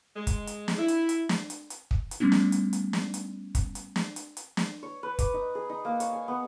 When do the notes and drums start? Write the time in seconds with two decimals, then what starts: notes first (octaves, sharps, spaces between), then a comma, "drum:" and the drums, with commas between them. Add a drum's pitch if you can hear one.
0.16 G#3
0.27 drum: kick, hi-hat
0.47 drum: hi-hat
0.68 drum: snare
0.78 E4
0.88 drum: hi-hat
1.09 drum: hi-hat
1.29 drum: snare
1.50 drum: hi-hat
1.70 drum: hi-hat
1.91 drum: kick
2.11 drum: hi-hat
2.20 G3 A3 B3 C#4 D#4
2.32 drum: snare
2.52 drum: hi-hat
2.73 drum: hi-hat
2.93 drum: snare
3.14 drum: hi-hat
3.55 drum: kick, hi-hat
3.75 drum: hi-hat
3.96 drum: snare
4.16 drum: hi-hat
4.37 drum: hi-hat
4.57 drum: snare
4.83 C#5
5.03 B4
5.19 D6, drum: kick, hi-hat
5.34 D#4
5.55 G#4
5.69 D#4
5.85 A#3
6.00 C#5, drum: hi-hat
6.13 G#5
6.28 B3